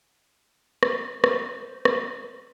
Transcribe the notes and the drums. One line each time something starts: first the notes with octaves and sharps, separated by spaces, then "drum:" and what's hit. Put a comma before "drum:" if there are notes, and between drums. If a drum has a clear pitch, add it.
drum: rim click
C5, drum: rim click
drum: rim click